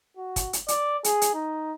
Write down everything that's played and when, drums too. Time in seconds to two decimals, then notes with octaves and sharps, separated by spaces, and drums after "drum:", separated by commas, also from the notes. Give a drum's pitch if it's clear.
0.17 F#4
0.36 drum: kick, hi-hat
0.53 drum: hi-hat
0.68 D5, drum: hi-hat
1.04 G#4, drum: hi-hat
1.22 drum: hi-hat
1.34 D#4